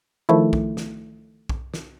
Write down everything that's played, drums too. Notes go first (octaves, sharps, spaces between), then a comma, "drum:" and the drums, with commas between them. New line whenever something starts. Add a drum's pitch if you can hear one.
D#3 F3 A3 E4
drum: kick
drum: snare
drum: kick
drum: snare